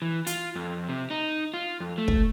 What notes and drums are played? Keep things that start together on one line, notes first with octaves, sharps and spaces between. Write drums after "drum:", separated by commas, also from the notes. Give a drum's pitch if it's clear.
E3
F4, drum: hi-hat
F2
C3
D#4
F4
F2
A3
drum: kick